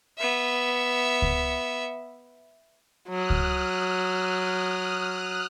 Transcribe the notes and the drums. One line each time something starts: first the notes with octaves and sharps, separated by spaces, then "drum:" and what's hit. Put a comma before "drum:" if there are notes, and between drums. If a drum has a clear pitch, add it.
B3 E5
drum: kick C#2
F#3 D#6 F6 F#6
drum: kick C#2